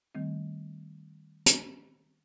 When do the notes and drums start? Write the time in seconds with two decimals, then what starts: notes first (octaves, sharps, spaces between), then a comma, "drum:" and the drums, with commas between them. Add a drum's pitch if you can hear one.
0.15 D#3 G3 A3 C4
1.46 drum: hi-hat